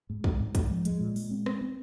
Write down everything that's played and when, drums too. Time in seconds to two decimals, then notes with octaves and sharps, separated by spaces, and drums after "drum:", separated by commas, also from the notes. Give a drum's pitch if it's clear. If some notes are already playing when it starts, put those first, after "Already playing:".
0.10 G#2
0.24 G#2, drum: kick
0.40 G#2
0.55 G#2, drum: kick, hi-hat
0.71 F3
0.85 G#3, drum: hi-hat
1.00 A#2
1.16 G#3, drum: open hi-hat
1.31 C4
1.46 C4, drum: rim click
1.61 C4